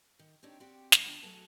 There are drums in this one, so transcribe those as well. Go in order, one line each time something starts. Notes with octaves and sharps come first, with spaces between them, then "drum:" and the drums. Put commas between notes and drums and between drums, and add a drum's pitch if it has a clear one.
D#3
C4 D4 D#4 G4 C#5 D5
C4 F#4 G4 D5
F#2, drum: snare
E2 D4 F4 G5
B2 F#3 A3 F#4 G#4 A5